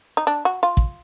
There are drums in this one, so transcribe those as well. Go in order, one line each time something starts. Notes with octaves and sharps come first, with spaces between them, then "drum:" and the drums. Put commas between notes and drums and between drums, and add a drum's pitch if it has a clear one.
D#4
D4
F#4
F4
drum: kick